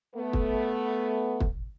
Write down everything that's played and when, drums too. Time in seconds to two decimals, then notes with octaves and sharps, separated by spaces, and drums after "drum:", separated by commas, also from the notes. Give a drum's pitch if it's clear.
0.15 A3 B3
0.33 drum: kick
1.40 drum: kick